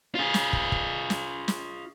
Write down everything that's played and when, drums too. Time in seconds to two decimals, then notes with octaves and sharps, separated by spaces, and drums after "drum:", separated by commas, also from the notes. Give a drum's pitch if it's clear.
0.15 F4 G#4
0.34 drum: snare
0.53 drum: kick
0.72 drum: kick
1.10 drum: snare
1.48 drum: snare